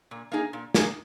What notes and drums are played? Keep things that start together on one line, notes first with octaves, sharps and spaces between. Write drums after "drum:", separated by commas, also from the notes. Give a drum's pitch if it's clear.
A#2
A#3 D#4 G#4
A#2
A#3 D#4 G#4, drum: snare